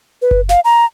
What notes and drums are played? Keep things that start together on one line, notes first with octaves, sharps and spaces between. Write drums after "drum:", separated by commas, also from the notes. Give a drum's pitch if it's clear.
B4
drum: kick F#1
F5, drum: snare
A#5